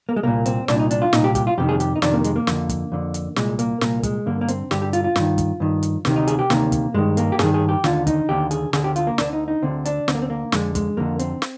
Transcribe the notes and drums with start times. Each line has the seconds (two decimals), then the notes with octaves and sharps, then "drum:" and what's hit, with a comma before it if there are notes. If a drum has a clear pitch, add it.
0.09 A#3
0.16 G#3
0.23 C2 A#2 A#3
0.46 C4, drum: hi-hat
0.68 C2 A#2 D4, drum: snare
0.79 D#4
0.91 D4, drum: hi-hat
1.02 F4
1.13 C2 A#2 D#4, drum: snare
1.24 G4
1.35 G4, drum: kick, hi-hat
1.47 F4
1.58 F2 C3 D#3 G4
1.69 G#4
1.80 G4, drum: hi-hat
1.96 D#4
2.02 F2 C3 D#3 D4, drum: snare
2.13 A#3
2.24 G#3, drum: hi-hat
2.36 A#3
2.47 F2 D3, drum: snare
2.69 drum: kick, hi-hat
2.92 F2 D3
3.14 drum: hi-hat
3.36 C2 A#2 G#3, drum: snare
3.59 A#3, drum: hi-hat
3.81 C2 A#2 A#3, drum: snare
4.03 G#3, drum: kick, hi-hat
4.26 G2 D3 A#3
4.41 A#3
4.48 C4, drum: hi-hat
4.71 G2 D3 G4, drum: snare
4.82 G4
4.93 F4, drum: hi-hat
5.04 F4
5.16 G2 D#3, drum: snare
5.38 drum: kick, hi-hat
5.60 G2 D#3
5.83 drum: hi-hat
6.05 D2 C3 D#3, drum: snare
6.16 D#4
6.27 G#4, drum: hi-hat
6.39 G4
6.50 D2 C3 D#3 A#3, drum: snare
6.72 drum: kick, hi-hat
6.94 G2 D#3 G#3
7.17 A#3, drum: hi-hat
7.32 G4
7.39 G2 D#3 G#4, drum: snare
7.54 G#4
7.69 G4
7.84 D#2 D3 F4, drum: snare
8.07 D#4, drum: kick, hi-hat
8.29 D#2 D3 G4
8.51 G#4, drum: hi-hat
8.73 D2 D3 G#4, drum: snare
8.84 G4
8.96 F4, drum: hi-hat
9.07 A#3
9.18 D2 D3 D4, drum: snare
9.33 D#4
9.48 D#4
9.63 D2 D3 C4
9.85 D4, drum: hi-hat
10.08 D2 D3 C4, drum: snare
10.15 A#3
10.22 C4
10.30 A#3
10.52 F2 D3 G#3, drum: snare
10.75 G#3, drum: kick, hi-hat
10.97 F2 D3 A#3
11.19 C4, drum: hi-hat
11.42 drum: snare